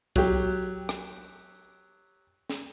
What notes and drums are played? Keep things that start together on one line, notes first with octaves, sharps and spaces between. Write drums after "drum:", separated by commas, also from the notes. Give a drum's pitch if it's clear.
F#3 G4, drum: kick C2
drum: rim click
drum: snare